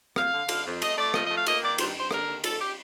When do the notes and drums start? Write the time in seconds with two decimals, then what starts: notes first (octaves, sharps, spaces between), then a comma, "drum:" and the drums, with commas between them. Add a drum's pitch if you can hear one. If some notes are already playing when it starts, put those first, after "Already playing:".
0.16 F2 F5, drum: rim click
0.33 D3
0.49 D3, drum: cymbal
0.65 F2
0.82 A3 D#5, drum: cymbal
0.97 A3 D5
1.14 F3 D#5, drum: rim click
1.25 D#5
1.31 A3
1.36 F5
1.46 A#3 D#5, drum: cymbal
1.62 D#3 D5
1.78 G2 C5, drum: cymbal
1.95 G2 C5
2.11 D3 A#4, drum: rim click
2.27 D#2
2.44 D#2 A4, drum: cymbal
2.60 G4